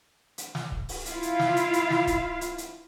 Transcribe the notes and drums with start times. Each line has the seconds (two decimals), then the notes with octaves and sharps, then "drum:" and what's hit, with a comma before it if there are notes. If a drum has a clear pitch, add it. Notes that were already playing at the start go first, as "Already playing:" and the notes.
0.38 drum: hi-hat
0.55 drum: snare
0.72 drum: kick C#1
0.89 drum: open hi-hat
1.06 E4 F4 F5, drum: hi-hat
1.23 drum: hi-hat
1.40 drum: snare
1.56 drum: hi-hat
1.73 drum: hi-hat
1.90 drum: snare
2.07 drum: kick C#1, hi-hat
2.41 drum: hi-hat
2.58 drum: hi-hat